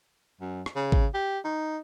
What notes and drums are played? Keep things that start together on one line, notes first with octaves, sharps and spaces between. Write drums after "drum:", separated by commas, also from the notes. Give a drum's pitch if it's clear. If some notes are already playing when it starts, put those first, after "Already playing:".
F#2
drum: rim click
C#3
drum: kick
G4
D#4